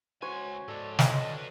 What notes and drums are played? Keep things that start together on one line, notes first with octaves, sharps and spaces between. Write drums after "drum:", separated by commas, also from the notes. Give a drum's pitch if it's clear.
C#2 F#4 C5 C#5 G#5
G#2 A4 C#5 D5
G#2 F3 D#5, drum: snare
D4 B4